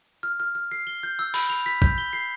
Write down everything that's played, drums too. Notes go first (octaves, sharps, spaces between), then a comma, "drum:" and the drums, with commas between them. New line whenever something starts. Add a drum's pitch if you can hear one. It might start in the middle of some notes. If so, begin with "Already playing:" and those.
F6
F6
F6
C7
G7
G6
E6
B5, drum: open hi-hat
F7
B6
G6, drum: kick A#1
G7
C7